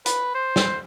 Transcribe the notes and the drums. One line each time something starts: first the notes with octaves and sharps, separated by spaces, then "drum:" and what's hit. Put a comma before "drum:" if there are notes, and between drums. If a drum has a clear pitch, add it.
B4, drum: hi-hat
C5
drum: snare